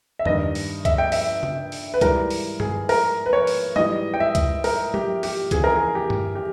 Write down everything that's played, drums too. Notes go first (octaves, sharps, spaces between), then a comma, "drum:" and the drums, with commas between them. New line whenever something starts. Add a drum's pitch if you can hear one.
E5
G2 D#3 G3 D#5, drum: tom E2
drum: open hi-hat
E5, drum: kick C#2, hi-hat
G5
E5, drum: open hi-hat
drum: tom C#3
drum: open hi-hat
B4
G#2 E3 G3 A#4, drum: kick C#2, hi-hat
drum: open hi-hat
G#4, drum: tom G2
A#4, drum: open hi-hat
B4
C#5
drum: open hi-hat
G#2 E3 G3 D#5, drum: tom F#3
G5
E5
drum: kick C#2, hi-hat
A#4, drum: open hi-hat
G4, drum: tom F#3
G4, drum: open hi-hat
E2 C#3 E3 G#4, drum: kick C#2, hi-hat
A#4
G#4
G4
drum: tom G2
G4